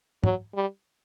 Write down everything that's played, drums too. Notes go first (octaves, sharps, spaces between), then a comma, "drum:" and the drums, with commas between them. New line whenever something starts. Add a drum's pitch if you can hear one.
F#3, drum: tom
G3